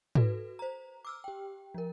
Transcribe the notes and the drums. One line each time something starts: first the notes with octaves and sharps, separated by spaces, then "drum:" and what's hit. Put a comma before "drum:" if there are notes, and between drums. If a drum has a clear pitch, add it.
F#4 A4 B4, drum: tom G#2
C5 A#5
D6 E6 F6
G4 G5
F3 A#4